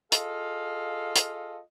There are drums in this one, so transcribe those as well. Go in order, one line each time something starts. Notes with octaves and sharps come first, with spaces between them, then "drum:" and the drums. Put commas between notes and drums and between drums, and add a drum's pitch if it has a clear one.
F4 G#4 A4 D#5 F5, drum: hi-hat
drum: hi-hat